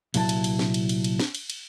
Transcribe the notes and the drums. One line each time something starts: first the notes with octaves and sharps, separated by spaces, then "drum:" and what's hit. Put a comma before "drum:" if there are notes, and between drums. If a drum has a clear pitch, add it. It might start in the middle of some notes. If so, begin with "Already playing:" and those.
C2 A#2 F#3 E4 A4 A5, drum: cymbal
drum: cymbal
drum: cymbal
drum: snare
drum: cymbal
drum: cymbal
drum: cymbal
drum: snare
drum: cymbal
drum: cymbal